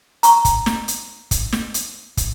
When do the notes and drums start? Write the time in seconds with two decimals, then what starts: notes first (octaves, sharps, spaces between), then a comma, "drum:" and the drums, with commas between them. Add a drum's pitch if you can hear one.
0.23 A#5 C#6, drum: hi-hat
0.45 drum: kick, hi-hat
0.66 drum: snare
0.88 drum: hi-hat
1.31 drum: kick, hi-hat
1.53 drum: snare
1.74 drum: hi-hat
2.17 drum: kick, hi-hat